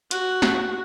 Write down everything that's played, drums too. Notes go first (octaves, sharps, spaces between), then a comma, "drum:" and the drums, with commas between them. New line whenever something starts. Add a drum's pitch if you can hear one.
F#4, drum: hi-hat
drum: snare